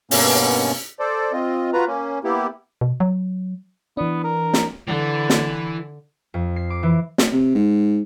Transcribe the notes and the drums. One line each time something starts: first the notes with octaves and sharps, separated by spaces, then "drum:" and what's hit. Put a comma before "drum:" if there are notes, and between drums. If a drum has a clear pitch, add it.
G2 B2 A#3 B3 C#4, drum: open hi-hat
A4 C5 D5
C4 F4 D#5
F4 F#4 B4 A#5
A#3 C#4
A#3 B3 E4 G4
B2
F#3
E3 B3 D4
A#4
drum: snare
D3 E3
drum: snare
F2
C7
D6
E3
drum: snare
C3
G#2